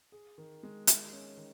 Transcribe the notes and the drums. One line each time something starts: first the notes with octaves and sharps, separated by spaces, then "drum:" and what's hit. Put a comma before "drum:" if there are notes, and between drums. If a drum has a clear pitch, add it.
G#4
D#3
G#3
G#3, drum: hi-hat
C#4
D#3